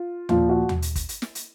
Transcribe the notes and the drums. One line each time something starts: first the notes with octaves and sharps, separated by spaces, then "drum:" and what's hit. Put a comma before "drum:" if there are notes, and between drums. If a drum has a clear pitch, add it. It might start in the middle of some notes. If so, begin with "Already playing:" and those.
Already playing: F4
A#2 F3 F4, drum: tom
F#4
drum: tom
drum: hi-hat
drum: kick, hi-hat
drum: hi-hat
drum: snare
drum: hi-hat